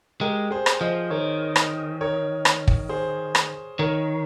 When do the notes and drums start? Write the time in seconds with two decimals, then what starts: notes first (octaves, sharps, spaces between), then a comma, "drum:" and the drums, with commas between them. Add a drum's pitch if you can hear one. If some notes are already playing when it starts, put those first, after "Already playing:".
0.21 G#3 G4 A#4
0.51 G#4 C5
0.66 drum: rim click
0.80 F3 C5 D#5
1.10 D#3 A#4 C#5
1.56 drum: rim click
2.01 A#4 C#5
2.45 drum: rim click
2.68 drum: kick
2.89 G#4 C5
3.35 drum: rim click
3.79 D#3 A#4 C#5